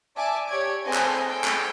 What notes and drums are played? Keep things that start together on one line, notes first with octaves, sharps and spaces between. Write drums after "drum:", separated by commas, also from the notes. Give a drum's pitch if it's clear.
D5 E5 G#5 A5 D6
G4 C#5 D5 G#6 D7
C4 G#4 A4 D#5 G#5 A5
drum: clap
G#4 A4 G5 G#5
drum: clap